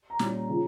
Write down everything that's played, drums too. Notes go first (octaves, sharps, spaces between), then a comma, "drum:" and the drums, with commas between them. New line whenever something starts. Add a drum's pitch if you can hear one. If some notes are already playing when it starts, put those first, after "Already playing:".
A#5
A#2 G3 C#4, drum: snare
C#3 F3